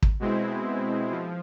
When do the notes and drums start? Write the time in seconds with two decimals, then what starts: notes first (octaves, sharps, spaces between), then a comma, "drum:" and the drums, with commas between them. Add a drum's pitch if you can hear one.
0.03 drum: kick
0.20 B2 G#3 C4 E4
1.11 F3